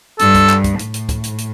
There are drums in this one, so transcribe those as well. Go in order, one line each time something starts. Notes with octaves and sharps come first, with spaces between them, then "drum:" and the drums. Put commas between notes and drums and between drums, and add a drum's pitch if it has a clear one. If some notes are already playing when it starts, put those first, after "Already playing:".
G2 A4, drum: hi-hat
drum: kick, hi-hat
drum: clap
drum: kick, hi-hat
A2, drum: hi-hat
drum: hi-hat
drum: kick, hi-hat
drum: hi-hat
drum: hi-hat